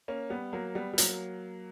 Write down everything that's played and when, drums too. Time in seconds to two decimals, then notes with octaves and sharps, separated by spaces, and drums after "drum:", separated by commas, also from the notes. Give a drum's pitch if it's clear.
0.08 A#3 C#4
0.30 G3 B3
0.53 F#3 A#3
0.75 G3 B3
0.93 G3
0.98 F#3 A#3, drum: hi-hat